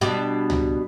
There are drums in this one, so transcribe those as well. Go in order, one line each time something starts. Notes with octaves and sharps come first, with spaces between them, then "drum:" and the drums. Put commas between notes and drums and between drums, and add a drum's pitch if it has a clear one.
B2 G3 D4
drum: tom C#2